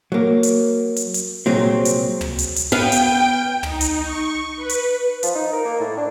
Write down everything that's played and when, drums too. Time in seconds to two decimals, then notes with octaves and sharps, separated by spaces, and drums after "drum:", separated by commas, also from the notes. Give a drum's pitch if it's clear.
0.12 F#3 A#3
0.43 drum: hi-hat
0.96 drum: hi-hat
1.14 drum: hi-hat
1.46 C2 A#2 F#3 G#3 C4
1.85 drum: hi-hat
2.21 drum: tom
2.39 drum: hi-hat
2.56 drum: hi-hat
2.72 B3 F5 G5 D#7
2.92 drum: hi-hat
3.63 D#4, drum: tom
3.81 drum: hi-hat
4.02 C#6
4.56 B4
4.69 drum: hi-hat
5.23 F3, drum: hi-hat
5.35 D#4
5.53 A#4
5.65 A#3
5.80 A2
5.97 D4